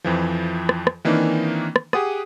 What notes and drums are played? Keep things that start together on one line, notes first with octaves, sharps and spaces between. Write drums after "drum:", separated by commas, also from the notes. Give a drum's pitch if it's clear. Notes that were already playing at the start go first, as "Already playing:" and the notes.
F2 E3 F3
drum: rim click
drum: rim click
D#3 E3 A#3 C4 D4 D#4
drum: rim click
G4 G#4 F#5 D#6 D#7, drum: rim click